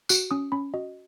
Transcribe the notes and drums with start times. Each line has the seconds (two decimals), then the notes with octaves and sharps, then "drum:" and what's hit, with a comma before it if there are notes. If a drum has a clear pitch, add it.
0.09 F#4 F#6, drum: tambourine
0.31 C#4 D#6
0.52 C#4 B5
0.74 F#4 D#5